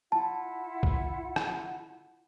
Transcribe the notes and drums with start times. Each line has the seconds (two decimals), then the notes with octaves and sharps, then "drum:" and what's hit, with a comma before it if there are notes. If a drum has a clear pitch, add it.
0.12 E4 F4 F#5 A5
0.83 drum: kick B1
1.36 drum: rim click